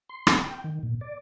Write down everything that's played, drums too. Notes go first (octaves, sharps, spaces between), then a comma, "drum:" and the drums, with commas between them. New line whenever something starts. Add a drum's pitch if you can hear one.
C6
C4, drum: rim click
G5
D#3
A#2
D5